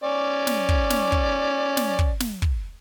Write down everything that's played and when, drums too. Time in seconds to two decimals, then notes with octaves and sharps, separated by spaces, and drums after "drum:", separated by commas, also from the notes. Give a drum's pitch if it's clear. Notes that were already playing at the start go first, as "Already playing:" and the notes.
0.04 C#4 D5
0.47 drum: snare
0.69 drum: kick
0.90 drum: snare
1.12 drum: kick
1.77 drum: snare
1.99 drum: kick
2.20 drum: snare
2.42 drum: kick